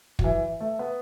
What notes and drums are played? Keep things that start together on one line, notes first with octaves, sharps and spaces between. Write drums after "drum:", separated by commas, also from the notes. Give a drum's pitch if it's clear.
F#3, drum: kick
E3
A3
B3